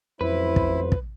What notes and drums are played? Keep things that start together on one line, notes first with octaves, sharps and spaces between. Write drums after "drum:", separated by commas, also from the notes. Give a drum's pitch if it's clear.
A1 F2 F#3 E4 B4 C5
drum: kick
drum: kick